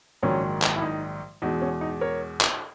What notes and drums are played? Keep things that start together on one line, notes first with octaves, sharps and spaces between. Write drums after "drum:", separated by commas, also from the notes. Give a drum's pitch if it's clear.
A#1 G#2 D#3 F#3 C#4
drum: clap
E4
D#4
E2 B2 G#3 D#4
C#4
D#4
A#4 C#5
drum: clap